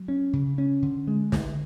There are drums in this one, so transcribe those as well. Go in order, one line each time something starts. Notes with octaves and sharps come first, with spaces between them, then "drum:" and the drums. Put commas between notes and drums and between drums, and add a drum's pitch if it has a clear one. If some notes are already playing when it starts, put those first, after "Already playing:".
Already playing: F#3
C#4
C#3
C#4
D3
G#3
D3, drum: snare